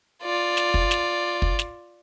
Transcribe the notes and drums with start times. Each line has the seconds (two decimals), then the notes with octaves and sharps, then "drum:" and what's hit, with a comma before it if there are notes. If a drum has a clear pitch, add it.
0.23 F4 D5
0.57 drum: snare
0.74 drum: kick
0.91 drum: snare
1.42 drum: kick
1.59 drum: snare